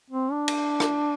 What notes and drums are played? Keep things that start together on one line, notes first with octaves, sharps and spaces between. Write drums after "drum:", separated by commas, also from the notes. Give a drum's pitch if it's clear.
C4
D4
drum: cymbal
drum: rim click